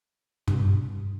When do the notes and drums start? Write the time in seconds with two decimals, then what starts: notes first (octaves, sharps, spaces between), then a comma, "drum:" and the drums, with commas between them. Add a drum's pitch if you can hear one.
0.47 G2, drum: tom